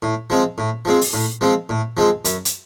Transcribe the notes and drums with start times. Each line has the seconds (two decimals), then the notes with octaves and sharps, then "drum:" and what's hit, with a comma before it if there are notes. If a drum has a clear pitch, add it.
0.02 A2
0.30 F3 G#3 C4
0.58 A2
0.85 F3 G#3 C4
1.01 drum: open hi-hat
1.13 A2
1.41 F3 G#3 C4
1.69 A2
1.97 F3 G#3 C4
2.25 F#2, drum: hi-hat
2.45 drum: hi-hat